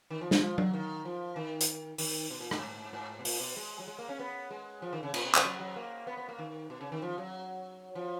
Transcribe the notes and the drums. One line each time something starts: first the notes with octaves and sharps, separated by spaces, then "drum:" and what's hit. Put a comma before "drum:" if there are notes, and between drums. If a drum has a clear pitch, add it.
D#3
F3
F3, drum: snare
F3
F#3, drum: tom F#3
D#3
F3
D#3
drum: hi-hat
D#3, drum: open hi-hat
B2
A#2
G#2, drum: rim click
G#2
B2
A#2, drum: open hi-hat
B2
G#3
F#3
G#3
A#3
C#4
B3
G#3
F3
D#3
C#3
A#2, drum: cymbal
B2
C#3, drum: clap
F#3
F#3
A#3
B3
B3
A#3
D#3
B2
C#3
D#3
F3
F#3
F3